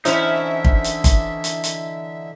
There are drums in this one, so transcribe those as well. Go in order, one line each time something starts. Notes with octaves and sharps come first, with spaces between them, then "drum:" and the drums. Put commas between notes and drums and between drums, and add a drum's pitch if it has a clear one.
D3 E3 C#4 D#4 E4 C5 E5, drum: hi-hat
drum: kick
drum: hi-hat
drum: kick, hi-hat
drum: hi-hat
drum: hi-hat